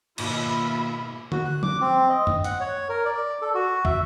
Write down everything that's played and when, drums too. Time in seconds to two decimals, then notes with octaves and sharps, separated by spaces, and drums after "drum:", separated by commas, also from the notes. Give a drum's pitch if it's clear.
0.18 D#2 G#2 B2 F4 E5 B5, drum: cymbal
1.32 F#4, drum: tom D3
1.45 F#6
1.63 D6, drum: tom F3
1.81 C4
2.09 D#5
2.27 drum: tom F#2
2.44 F#5, drum: hi-hat
2.60 C#5
2.89 A#4
3.05 D5
3.42 A4
3.55 F#4
3.85 E5, drum: kick